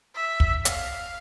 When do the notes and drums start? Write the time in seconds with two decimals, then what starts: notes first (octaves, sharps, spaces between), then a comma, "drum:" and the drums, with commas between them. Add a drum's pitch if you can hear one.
0.15 E5
0.40 drum: kick
0.65 F5, drum: hi-hat